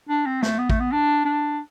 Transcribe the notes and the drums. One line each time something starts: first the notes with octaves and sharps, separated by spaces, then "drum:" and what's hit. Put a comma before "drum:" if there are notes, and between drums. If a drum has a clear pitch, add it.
D4
C4
A3, drum: snare
B3
A3, drum: kick
B3
D4
D4